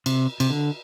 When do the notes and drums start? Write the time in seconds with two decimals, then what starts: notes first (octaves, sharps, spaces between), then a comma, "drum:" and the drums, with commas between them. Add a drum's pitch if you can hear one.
0.06 C3, drum: cymbal
0.40 C3, drum: cymbal
0.50 D3